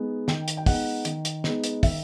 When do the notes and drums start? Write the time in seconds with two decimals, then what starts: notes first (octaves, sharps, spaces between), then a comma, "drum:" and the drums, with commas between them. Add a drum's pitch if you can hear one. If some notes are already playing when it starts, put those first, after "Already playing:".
Already playing: G#3 B3 D#4
0.28 D#3 G5, drum: snare
0.48 drum: hi-hat
0.57 G5
0.66 G#3 B3 D#4 F#5, drum: kick, open hi-hat
1.05 D#3, drum: hi-hat
1.25 drum: hi-hat
1.44 G#3 B3 D#4, drum: snare
1.64 drum: hi-hat
1.83 D#3 E5, drum: kick, open hi-hat